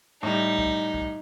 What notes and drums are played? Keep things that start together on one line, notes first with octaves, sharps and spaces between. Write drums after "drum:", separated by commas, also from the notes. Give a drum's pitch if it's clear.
A2 G3 D#4
drum: kick
drum: kick